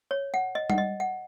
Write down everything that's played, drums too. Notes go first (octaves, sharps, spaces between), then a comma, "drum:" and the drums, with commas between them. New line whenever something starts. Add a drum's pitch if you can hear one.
C#5
F#5
D#5
F#5, drum: tom G3
D#5
F#5